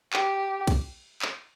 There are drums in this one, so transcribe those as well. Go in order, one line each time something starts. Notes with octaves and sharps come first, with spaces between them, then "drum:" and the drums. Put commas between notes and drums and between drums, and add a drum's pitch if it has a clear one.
G4, drum: clap
drum: kick, cymbal
drum: clap